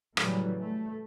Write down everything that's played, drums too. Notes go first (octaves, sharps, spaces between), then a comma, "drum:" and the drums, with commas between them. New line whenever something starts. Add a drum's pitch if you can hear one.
A2 C#3 E3 F#3 G3, drum: rim click
A3